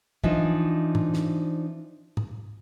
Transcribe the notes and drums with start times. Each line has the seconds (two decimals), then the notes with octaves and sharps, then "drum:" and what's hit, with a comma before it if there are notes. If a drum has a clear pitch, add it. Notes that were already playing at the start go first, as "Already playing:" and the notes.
0.24 E3 F3 D4 D#4, drum: kick
0.95 drum: tom
1.14 drum: snare
2.17 drum: tom